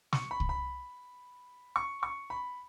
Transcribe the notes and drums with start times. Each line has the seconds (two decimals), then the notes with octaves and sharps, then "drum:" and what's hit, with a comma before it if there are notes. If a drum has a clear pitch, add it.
0.13 C#6, drum: snare
0.31 B5
0.40 drum: kick C2
0.49 B5
1.76 C#6
2.03 C#6
2.30 B5